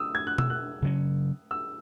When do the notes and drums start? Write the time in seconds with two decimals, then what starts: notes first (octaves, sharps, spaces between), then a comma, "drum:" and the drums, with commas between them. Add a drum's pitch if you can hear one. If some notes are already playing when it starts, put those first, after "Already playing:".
Already playing: D#6 E6
0.15 G#6
0.27 F#6
0.38 E6, drum: tom B2
0.50 F#6
0.82 C#3 F#3 C#4
1.51 E6